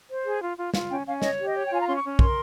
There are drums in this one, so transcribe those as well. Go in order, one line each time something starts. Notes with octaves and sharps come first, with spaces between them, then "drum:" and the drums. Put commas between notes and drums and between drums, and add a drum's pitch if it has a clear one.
C5
G#4
F4
F4
F4 F5, drum: snare
C#4 G5
C#4 F5
C#5 D#5, drum: snare
G4
D#5
C#5
G5
F4 G#5
A#5
C#4 C6
C#6
C#4
A#4 C6, drum: kick